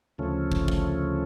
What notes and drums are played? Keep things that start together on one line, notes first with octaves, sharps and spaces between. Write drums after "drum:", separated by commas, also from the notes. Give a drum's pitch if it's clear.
D2 C#3 F3 A3 C#4
drum: kick
drum: kick